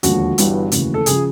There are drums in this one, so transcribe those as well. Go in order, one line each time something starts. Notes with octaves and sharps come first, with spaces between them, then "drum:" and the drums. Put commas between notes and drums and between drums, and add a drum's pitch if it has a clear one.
E1 D#2 D3 F3 F#4, drum: hi-hat
G1 G2 E3 G3, drum: hi-hat
F1 D#2 C#3 E3, drum: hi-hat
A4
C#3 F3 G#4, drum: hi-hat